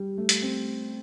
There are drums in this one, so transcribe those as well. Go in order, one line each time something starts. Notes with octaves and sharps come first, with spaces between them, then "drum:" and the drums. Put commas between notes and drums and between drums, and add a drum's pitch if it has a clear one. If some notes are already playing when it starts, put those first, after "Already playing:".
Already playing: G3
A3
drum: hi-hat
C4